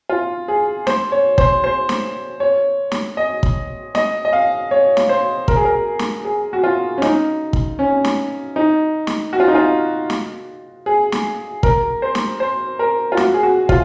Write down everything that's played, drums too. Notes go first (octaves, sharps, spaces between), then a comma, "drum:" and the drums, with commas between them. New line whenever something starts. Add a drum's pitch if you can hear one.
F4
G#4
C5, drum: snare
C#5
C5, drum: kick
C5
drum: snare
C#5
drum: snare
D#5
drum: kick
D#5, drum: snare
D#5
F5
C#5
drum: snare
C5
A#4, drum: kick
G#4
A#4
drum: snare
G#4
F#4
F4
C#4
D#4, drum: snare
drum: kick
C#4
drum: snare
D#4
drum: snare
F#4
F4
D#4
F4
drum: snare
G#4
drum: snare
A#4, drum: kick
C5
drum: snare
C5
A#4
F4
F#4, drum: snare
G#4
F#4
F4, drum: kick